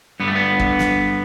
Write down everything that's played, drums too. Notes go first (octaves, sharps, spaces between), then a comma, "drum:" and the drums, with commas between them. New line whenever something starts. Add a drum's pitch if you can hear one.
G2 D3 B3
A3
B3
drum: kick
drum: snare